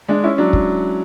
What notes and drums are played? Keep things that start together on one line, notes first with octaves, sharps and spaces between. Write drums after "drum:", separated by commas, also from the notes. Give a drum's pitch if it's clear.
G#3 D4
C#4 E4
F#3 D4
drum: kick